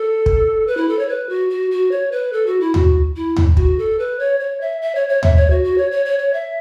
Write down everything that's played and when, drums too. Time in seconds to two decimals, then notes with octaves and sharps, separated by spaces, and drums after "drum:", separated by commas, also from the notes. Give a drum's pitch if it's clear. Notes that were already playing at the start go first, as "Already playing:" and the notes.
Already playing: A4
0.26 drum: kick
0.67 B4
0.77 E4
0.88 A4
0.99 C#5
1.09 B4
1.29 F#4
1.50 F#4
1.71 F#4
1.91 C#5
2.12 B4
2.33 A4
2.46 F#4
2.61 E4
2.74 F#4, drum: tom
3.16 E4
3.36 drum: tom
3.57 F#4, drum: kick
3.78 A4
3.99 B4
4.19 C#5
4.40 C#5
4.61 E5
4.82 E5
4.95 C#5
5.09 C#5
5.23 E5, drum: tom
5.37 C#5
5.50 F#4
5.64 F#4
5.78 C#5
5.91 C#5
6.05 C#5
6.19 C#5
6.34 E5